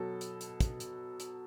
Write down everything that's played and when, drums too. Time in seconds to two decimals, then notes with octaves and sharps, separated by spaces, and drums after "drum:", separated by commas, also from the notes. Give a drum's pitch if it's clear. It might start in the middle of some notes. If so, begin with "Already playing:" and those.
Already playing: B2 F#3 A4
0.21 drum: hi-hat
0.41 drum: hi-hat
0.60 drum: kick, hi-hat
0.80 drum: hi-hat
1.20 drum: hi-hat